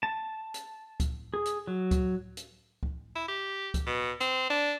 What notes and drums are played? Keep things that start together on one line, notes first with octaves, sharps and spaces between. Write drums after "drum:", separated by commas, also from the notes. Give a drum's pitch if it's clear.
A5
drum: hi-hat
drum: kick C#2, hi-hat
G#4
drum: hi-hat
F#3
drum: kick C#2, hi-hat
drum: hi-hat
drum: kick C#2
E4
G4
drum: kick C#2, hi-hat
B2
C4, drum: hi-hat
D4